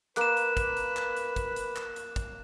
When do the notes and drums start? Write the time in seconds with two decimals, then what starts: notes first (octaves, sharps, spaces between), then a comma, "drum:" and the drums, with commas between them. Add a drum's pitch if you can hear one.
0.17 A#3 B4 F#6 E7, drum: clap
0.37 drum: hi-hat
0.57 drum: kick, hi-hat
0.77 drum: hi-hat
0.97 drum: clap
1.16 drum: hi-hat
1.36 drum: kick, hi-hat
1.56 drum: hi-hat
1.76 drum: clap
1.96 drum: hi-hat
2.16 drum: kick, hi-hat